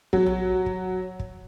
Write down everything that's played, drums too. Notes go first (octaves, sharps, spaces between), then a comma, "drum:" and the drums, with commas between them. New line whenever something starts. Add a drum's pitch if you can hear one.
F#3, drum: kick
drum: tom A#1
drum: kick
drum: kick